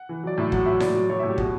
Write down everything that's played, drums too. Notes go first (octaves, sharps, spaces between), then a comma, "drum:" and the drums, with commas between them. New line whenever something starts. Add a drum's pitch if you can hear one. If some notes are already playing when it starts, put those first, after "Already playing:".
Already playing: F#5
E3
F#3 D5
A2 E5
F#3 F#5, drum: kick
F#3 E5
A2 D5, drum: snare D#4
F#3
F#3 C#5
E5
A2
G4
B2 F#4, drum: kick